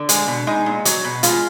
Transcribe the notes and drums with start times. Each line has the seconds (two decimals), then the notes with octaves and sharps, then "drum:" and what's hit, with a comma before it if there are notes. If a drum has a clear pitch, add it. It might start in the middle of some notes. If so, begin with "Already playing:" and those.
Already playing: D3
0.09 G#3, drum: hi-hat
0.28 B2
0.47 G#3 D#4
0.66 A#2
0.85 F#3, drum: hi-hat
1.04 B2
1.23 G#3 F4, drum: hi-hat